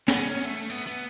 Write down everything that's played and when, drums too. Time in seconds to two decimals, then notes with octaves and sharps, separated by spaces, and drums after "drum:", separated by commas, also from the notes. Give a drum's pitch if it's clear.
0.08 B3, drum: snare
0.20 C#4
0.45 A3
0.70 B3
0.87 B3